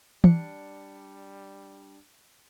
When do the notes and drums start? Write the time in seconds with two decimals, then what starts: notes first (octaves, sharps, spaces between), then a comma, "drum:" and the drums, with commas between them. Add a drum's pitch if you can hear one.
0.24 G3 D4 C#7, drum: tom E3